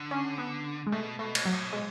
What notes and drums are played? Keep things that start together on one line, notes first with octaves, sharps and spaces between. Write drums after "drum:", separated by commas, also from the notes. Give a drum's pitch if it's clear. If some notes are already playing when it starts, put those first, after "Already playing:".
Already playing: D3
C#4
B3
G#3
B2 A3
B2 A3
drum: cymbal
F#3
A2
B2
G#3